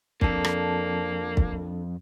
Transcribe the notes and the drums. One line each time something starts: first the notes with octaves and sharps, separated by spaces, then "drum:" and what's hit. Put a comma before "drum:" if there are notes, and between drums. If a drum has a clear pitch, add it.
F2 A#3 D4 A4, drum: kick
drum: rim click
drum: kick